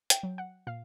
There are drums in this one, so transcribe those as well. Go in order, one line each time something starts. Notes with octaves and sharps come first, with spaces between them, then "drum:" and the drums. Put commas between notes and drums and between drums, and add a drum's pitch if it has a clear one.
G5, drum: hi-hat
F#3
F#5
A#2 F5